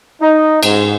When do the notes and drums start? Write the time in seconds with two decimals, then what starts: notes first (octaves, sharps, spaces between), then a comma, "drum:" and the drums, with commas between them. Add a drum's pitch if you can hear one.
0.21 D#4
0.63 G#2, drum: cymbal